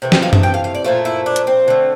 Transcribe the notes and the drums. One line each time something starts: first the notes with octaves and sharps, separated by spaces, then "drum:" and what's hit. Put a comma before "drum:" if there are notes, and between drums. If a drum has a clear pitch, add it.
C3 E3 A3
G5, drum: snare
F5
E5, drum: tom F#2
G5
F5
F5
D5
A#2 F3 A3 F4
E4
D4
drum: hi-hat
C4
D3 A3